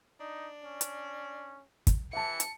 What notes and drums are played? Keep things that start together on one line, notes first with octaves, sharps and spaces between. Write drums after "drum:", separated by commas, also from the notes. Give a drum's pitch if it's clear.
D4 D#4
C#4
drum: hi-hat
drum: kick, hi-hat
E3 G4 E5 A5 C#7
drum: hi-hat